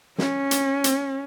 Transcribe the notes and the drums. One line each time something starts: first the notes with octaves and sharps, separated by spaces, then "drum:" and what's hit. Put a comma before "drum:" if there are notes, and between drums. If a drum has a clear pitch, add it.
C#4, drum: snare
drum: hi-hat
drum: hi-hat